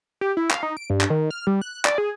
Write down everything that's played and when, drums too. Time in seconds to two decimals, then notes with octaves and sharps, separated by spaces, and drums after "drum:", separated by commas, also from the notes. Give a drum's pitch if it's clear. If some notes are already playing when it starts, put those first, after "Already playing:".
0.21 G4
0.37 E4
0.51 F5, drum: clap
0.63 D#4
0.77 D7
0.90 G2
1.01 drum: clap
1.10 D#3
1.31 F6
1.47 G3
1.62 F#6
1.85 D5, drum: clap
1.98 G#4